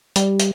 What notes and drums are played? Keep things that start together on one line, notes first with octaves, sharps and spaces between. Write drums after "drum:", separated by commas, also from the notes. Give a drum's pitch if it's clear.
G3, drum: hi-hat
drum: hi-hat